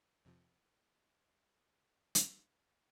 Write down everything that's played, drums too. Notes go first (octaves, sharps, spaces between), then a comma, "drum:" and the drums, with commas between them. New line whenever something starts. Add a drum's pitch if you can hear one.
F2 C3 F3
drum: hi-hat